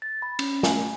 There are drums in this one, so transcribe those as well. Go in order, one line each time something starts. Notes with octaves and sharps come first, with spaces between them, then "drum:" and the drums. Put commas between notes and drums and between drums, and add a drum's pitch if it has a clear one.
A6
B5
C#4, drum: cymbal
G#5, drum: snare